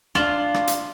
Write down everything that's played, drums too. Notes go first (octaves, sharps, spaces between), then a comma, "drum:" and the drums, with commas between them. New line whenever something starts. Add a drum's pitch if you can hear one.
D4 F4 E7 F#7, drum: rim click
drum: rim click
drum: hi-hat